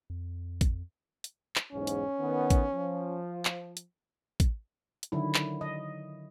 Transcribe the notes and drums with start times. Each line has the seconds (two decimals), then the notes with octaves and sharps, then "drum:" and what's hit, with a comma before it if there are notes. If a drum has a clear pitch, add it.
0.10 F2
0.61 drum: kick, hi-hat
1.24 drum: hi-hat
1.56 drum: clap
1.72 B1 E2 G#2 C#4
1.87 drum: hi-hat
2.19 D#3 B3
2.50 drum: kick, hi-hat
2.74 F3
3.45 drum: clap
3.77 drum: hi-hat
4.40 drum: kick, hi-hat
5.03 drum: hi-hat
5.12 D3 D#3 F#3 E4
5.35 drum: clap
5.61 D#5